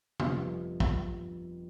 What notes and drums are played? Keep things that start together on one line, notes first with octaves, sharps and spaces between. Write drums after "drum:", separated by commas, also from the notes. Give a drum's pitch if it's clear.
G1 F2 C3, drum: tom
drum: kick